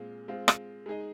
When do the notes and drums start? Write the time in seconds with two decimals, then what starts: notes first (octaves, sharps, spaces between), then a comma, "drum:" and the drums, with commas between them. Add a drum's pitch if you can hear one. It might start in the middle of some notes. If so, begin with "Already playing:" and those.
Already playing: A#2 G#3 C4 F4
0.28 G#3 C4 F4
0.48 drum: rim click
0.86 G#3 D#4 G#4 D#5